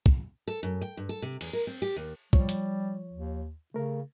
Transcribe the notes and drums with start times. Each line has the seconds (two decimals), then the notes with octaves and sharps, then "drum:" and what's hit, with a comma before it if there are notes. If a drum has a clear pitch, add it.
0.06 drum: kick
0.48 A4
0.63 F#2
0.81 G5
0.97 G2
1.09 A4
1.22 C3
1.41 E2, drum: cymbal
1.53 A#4
1.67 C4
1.82 G4
1.96 D#2
2.33 F3 G3 C#5, drum: kick
2.49 drum: hi-hat
3.13 D#2
3.74 C#3 A3 A#4